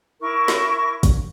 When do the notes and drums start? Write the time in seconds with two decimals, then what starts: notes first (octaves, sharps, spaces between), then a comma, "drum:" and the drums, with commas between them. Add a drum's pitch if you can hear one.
0.21 E4 A#4 C#6
0.48 drum: snare
1.03 drum: kick, hi-hat